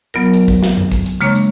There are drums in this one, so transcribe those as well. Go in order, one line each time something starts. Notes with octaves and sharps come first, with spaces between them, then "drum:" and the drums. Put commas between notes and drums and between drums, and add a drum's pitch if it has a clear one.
F#3 B3 F4 A#4
drum: hi-hat
drum: kick, hi-hat
drum: snare
drum: tom F#2
drum: kick, hi-hat
drum: hi-hat
C#3 G#3 A#3 D4 C#5 C#6, drum: hi-hat
drum: hi-hat